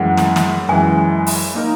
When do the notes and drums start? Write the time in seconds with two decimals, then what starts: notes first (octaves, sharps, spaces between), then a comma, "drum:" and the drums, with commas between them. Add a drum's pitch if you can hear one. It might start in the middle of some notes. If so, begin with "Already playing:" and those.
Already playing: F#2 E3 G#3 F#5
0.17 drum: snare
0.36 drum: snare
0.68 F#2 E3 G#3 G#5
1.27 drum: open hi-hat
1.55 A#3 D#4 A#4